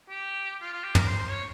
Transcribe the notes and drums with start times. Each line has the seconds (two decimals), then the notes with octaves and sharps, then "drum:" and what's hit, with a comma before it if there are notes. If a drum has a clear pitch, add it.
0.09 G4
0.61 F4
0.73 F4
0.84 G4
0.95 A#4, drum: tom
1.07 C5
1.19 C5
1.30 C#5